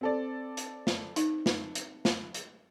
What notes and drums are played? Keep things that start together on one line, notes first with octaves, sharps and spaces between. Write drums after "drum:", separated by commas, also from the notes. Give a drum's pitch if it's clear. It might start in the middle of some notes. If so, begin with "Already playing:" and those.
C4 A4 D5
drum: hi-hat
drum: snare
D#4, drum: hi-hat
drum: snare
drum: hi-hat
drum: snare
drum: hi-hat